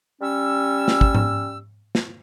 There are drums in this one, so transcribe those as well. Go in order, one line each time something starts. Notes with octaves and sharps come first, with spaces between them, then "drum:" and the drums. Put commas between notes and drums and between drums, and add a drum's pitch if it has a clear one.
G3 C#4 E6
drum: snare
drum: kick
drum: tom G#2
drum: snare